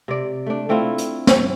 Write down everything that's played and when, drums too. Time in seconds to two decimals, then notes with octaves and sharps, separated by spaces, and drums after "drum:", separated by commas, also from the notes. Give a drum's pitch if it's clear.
0.08 C3 D5
0.46 A3 D4
0.69 A3 C4 E4 F4
0.98 drum: hi-hat
1.27 drum: snare